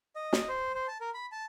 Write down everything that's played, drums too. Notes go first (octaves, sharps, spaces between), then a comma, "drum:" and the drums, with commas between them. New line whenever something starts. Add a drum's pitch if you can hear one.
D#5
drum: snare
C5
C5
A5
A#4
B5
A5